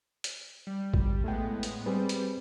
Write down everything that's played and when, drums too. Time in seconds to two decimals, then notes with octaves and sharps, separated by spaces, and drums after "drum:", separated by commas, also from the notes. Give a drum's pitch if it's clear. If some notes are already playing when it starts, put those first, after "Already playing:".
0.24 drum: hi-hat
0.67 G3
0.94 drum: kick
1.24 A2 G#3 A3 B3 G5
1.63 drum: hi-hat
1.86 G3 C4 G#4 B4
2.09 drum: hi-hat